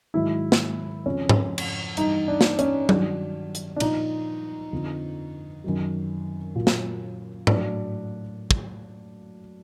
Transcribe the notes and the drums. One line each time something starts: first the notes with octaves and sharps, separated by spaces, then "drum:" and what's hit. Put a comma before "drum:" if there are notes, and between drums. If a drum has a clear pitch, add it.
G#2 D#3 F#3 E4
drum: snare
F2 C#3 F3 C#4
drum: tom G#2
drum: cymbal
G2 E3 D#4, drum: hi-hat
D4
drum: snare
C#4, drum: hi-hat
G2 D#3 F#3 D4, drum: tom F#3
drum: hi-hat
D4
A#2 F3 D#4, drum: cymbal
F2 D3 F3
F#2 D#3 F#3
A#2 F#3
drum: snare
A2 F#3 D4, drum: tom G#2
drum: kick